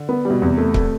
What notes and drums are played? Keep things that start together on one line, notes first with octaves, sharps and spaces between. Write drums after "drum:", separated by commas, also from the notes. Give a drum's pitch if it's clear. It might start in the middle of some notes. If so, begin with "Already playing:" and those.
Already playing: D3
B3
B2 G3
E2 C3
A3
A3, drum: kick C#1